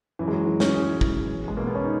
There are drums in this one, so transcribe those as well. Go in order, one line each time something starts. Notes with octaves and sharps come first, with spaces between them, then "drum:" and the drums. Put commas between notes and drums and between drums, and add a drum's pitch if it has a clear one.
F#2 E3
G#3
F#3
E3
C#4, drum: snare
F#2 G#4
E3, drum: kick
E2
G#3
B2 A#3
B3
C#4
D#4